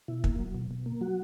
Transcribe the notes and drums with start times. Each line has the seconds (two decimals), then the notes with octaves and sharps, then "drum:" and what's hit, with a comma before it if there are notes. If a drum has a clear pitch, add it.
0.08 B2 E4
0.24 A#3, drum: kick
0.39 F#3
0.55 B2
0.71 B2
0.86 A#3
1.01 F#3 F#4